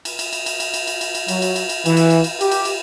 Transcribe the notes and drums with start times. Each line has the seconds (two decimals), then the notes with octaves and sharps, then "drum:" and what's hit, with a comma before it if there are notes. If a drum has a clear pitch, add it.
0.05 drum: cymbal
0.19 drum: cymbal
0.33 drum: cymbal
0.46 drum: cymbal
0.60 drum: cymbal
0.74 drum: cymbal
0.87 drum: cymbal
1.01 drum: cymbal
1.15 drum: cymbal
1.28 F#3, drum: cymbal
1.42 drum: cymbal
1.56 drum: cymbal
1.69 drum: cymbal
1.86 E3, drum: cymbal
1.97 drum: cymbal
2.10 drum: cymbal
2.24 drum: cymbal
2.41 G4, drum: cymbal
2.51 drum: cymbal
2.65 drum: cymbal